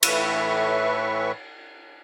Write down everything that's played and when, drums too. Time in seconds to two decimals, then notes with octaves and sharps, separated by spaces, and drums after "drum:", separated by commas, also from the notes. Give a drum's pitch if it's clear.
0.03 A2 E3 B4 E5 C#6, drum: cymbal